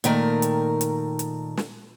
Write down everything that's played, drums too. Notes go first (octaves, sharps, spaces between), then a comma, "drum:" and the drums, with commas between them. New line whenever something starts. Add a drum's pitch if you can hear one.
A#2 D#3 A3 A#4, drum: hi-hat
drum: hi-hat
drum: hi-hat
drum: hi-hat
drum: snare